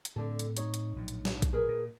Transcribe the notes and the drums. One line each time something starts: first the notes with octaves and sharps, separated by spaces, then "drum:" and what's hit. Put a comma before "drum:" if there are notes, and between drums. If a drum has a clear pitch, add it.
drum: hi-hat
A2 D3 C4 A4
drum: hi-hat
D#4 C#5, drum: hi-hat
drum: hi-hat
A#1 A2 F#3
drum: hi-hat
drum: snare
drum: kick B1, hi-hat
G#4 A#4 B4
A#2